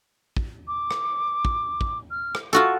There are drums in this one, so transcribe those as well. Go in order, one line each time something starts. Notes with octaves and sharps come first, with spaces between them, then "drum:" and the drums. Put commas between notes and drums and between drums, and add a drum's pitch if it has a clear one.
drum: kick
D6
drum: rim click
drum: kick
drum: kick
F6
drum: rim click
F4 F#4 A4 C#6